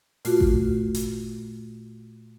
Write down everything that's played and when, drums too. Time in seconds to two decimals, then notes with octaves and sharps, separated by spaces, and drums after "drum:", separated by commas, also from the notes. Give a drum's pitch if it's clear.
0.25 A#2 A3 F4 F#4, drum: open hi-hat
0.40 drum: kick G#1
0.95 drum: hi-hat